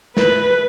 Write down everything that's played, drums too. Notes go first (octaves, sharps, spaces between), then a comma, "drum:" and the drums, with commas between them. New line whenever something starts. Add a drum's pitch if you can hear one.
B4, drum: snare